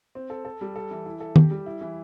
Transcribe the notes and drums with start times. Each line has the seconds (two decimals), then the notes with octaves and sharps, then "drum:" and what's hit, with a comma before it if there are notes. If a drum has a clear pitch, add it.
0.15 C4
0.30 A4
0.45 A4
0.61 G3
0.76 A4
0.91 E3
1.06 E4
1.20 A4
1.36 G4, drum: tom D#3
1.51 G3
1.66 E4
1.81 E3